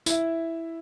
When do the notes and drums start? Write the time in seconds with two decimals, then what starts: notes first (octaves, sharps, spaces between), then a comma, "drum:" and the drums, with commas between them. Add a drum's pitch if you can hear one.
0.06 E4 E5, drum: tambourine